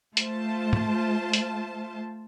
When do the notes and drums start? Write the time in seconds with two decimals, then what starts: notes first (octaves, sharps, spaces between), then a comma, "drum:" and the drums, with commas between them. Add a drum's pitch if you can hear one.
0.17 A3 F4 C5 A5, drum: hi-hat
0.73 drum: tom
1.33 drum: hi-hat